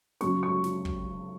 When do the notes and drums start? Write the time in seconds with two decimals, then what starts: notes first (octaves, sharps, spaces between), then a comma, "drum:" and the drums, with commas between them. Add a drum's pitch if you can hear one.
0.21 F#2 C#3 F#3 C#6, drum: snare
0.43 C#6
0.64 drum: snare
0.85 drum: kick